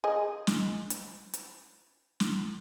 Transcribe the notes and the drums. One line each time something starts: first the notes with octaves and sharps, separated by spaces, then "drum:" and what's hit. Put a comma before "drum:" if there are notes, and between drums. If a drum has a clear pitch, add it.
G#4 D#5
drum: snare
drum: hi-hat
drum: hi-hat
drum: snare